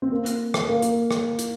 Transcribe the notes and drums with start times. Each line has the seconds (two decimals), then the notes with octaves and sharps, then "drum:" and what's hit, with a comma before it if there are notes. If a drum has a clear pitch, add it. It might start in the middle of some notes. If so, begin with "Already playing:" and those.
0.02 C4
0.12 A#3
0.26 drum: hi-hat
0.54 drum: rim click
0.68 A#3
0.82 drum: hi-hat
1.11 drum: rim click
1.39 drum: hi-hat